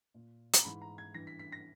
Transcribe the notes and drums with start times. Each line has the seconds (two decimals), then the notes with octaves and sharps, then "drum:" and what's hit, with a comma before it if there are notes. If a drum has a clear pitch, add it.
0.14 A#2
0.54 A#5, drum: hi-hat
0.65 G#2 E3 B5
0.81 A#5
0.98 G#6
1.14 G2 E3 A#6
1.27 B6
1.39 B6
1.52 A#6